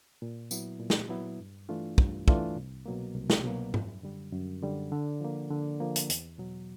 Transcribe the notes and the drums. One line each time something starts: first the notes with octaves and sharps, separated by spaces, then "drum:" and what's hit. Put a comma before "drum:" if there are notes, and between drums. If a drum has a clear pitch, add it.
A#2
F#3 B3 E4, drum: tambourine
A#2
drum: snare
F#3 B3 E4
G2
E3 A3 D4 F4
G2, drum: kick
E3 A3 D4 F4, drum: kick
C2
B2 F#3 A#3
C2
drum: snare
B2 F#3 A#3
F#2, drum: tom G#2
D3 G3
F#2
D3 G3
D3
F3 A#3
D3
F3 A#3
drum: hi-hat
E2, drum: hi-hat
B2 F#3